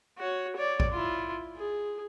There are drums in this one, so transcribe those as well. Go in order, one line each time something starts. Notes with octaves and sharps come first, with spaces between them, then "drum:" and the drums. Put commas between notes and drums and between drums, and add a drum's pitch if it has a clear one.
F#4 C#5
C#5 D5
drum: kick A#1
E4 F4
G#4